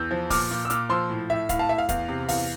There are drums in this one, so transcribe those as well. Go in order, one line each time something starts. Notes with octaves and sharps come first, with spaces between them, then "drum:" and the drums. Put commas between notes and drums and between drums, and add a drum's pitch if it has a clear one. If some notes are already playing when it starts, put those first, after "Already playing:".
Already playing: E2 E6 G6
F3
A#2 D6 F6, drum: kick, open hi-hat
A#2
E6
A#2 D6 F6, drum: hi-hat
F3 C6 E6
A2
A2 E5
A2 F5, drum: kick, hi-hat
F5 A5
A2 E5
F5
E2 F5, drum: kick, hi-hat
C3
E2 F5, drum: open hi-hat